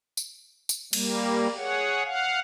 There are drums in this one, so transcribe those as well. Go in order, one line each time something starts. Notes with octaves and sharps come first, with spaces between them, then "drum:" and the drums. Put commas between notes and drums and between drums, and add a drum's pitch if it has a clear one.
drum: tambourine
drum: tambourine
G3 A#3, drum: cymbal
G#4 C#5 F#5
F5 F#5